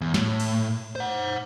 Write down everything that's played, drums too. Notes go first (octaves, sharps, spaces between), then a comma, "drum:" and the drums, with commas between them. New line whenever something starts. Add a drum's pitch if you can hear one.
E2
A2, drum: snare
drum: cymbal
C5 F#5